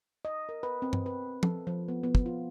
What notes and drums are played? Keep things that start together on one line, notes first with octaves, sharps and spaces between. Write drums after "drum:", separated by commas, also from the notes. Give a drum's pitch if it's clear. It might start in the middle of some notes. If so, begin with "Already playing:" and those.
D#5
A#4
B4
C4
drum: tom G2
B4
A4, drum: tom
F3
B3
B3
drum: kick
F4